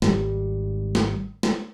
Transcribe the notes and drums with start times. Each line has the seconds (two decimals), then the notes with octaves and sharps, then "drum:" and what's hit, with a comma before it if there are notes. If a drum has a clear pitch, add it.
0.02 G#1 G3, drum: snare
0.95 drum: snare
1.43 drum: snare